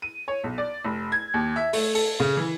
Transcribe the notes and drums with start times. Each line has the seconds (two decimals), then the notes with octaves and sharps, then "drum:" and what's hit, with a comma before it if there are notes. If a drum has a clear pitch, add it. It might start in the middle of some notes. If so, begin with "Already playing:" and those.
0.02 D#7
0.28 C#5
0.44 B1
0.58 D5
0.84 F1
1.12 G#6
1.34 D#2
1.56 E5
1.73 A3, drum: open hi-hat
1.95 A4, drum: open hi-hat
2.20 C#3
2.37 E3